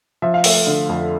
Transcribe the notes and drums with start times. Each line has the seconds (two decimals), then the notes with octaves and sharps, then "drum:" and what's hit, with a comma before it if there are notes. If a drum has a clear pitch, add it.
0.22 F3 E5
0.34 F5
0.44 A3 E5, drum: open hi-hat
0.67 D3
0.89 F2